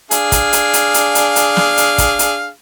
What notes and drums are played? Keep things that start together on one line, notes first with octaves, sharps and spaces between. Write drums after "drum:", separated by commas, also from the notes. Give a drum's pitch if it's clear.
D4 G#4 F5, drum: hi-hat
drum: kick, hi-hat
drum: hi-hat
drum: hi-hat
drum: hi-hat
drum: hi-hat
drum: hi-hat
drum: snare
drum: hi-hat
drum: kick, hi-hat
drum: hi-hat